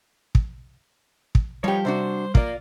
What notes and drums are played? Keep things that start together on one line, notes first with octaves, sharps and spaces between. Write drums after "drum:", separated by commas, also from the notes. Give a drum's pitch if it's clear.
drum: kick
drum: kick
F3 G3 B3 D#4 G4 C#5
C3 D4 F#4 C5
A#3 F4 D5, drum: kick